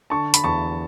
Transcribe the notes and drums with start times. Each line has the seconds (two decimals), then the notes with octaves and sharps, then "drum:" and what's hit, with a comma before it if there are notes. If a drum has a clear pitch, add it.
0.10 D3 A5 C#6
0.34 B5, drum: hi-hat
0.44 E2 A5 C#6